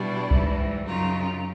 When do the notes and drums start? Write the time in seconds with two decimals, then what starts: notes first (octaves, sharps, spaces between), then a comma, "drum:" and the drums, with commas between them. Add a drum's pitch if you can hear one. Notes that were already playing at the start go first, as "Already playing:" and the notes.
Already playing: B2 G3 D4 E4
0.31 G#2 E3 G3, drum: kick B1
0.87 F#2 C#3 F#3 D#4 F4